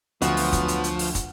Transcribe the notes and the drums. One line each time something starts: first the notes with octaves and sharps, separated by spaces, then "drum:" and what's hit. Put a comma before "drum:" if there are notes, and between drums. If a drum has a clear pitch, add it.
D2 F3 F#3 B3 F#4, drum: hi-hat
drum: open hi-hat
drum: kick, hi-hat
drum: hi-hat
drum: hi-hat
drum: open hi-hat
drum: kick, hi-hat